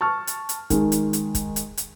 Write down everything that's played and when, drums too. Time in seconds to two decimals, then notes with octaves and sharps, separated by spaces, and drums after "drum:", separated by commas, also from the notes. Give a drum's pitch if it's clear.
0.01 A5 C#6 F6
0.27 drum: hi-hat
0.49 drum: hi-hat
0.70 D#3 G#3, drum: kick, hi-hat
0.92 drum: hi-hat
1.13 drum: hi-hat
1.35 drum: kick, hi-hat
1.56 drum: hi-hat
1.77 drum: hi-hat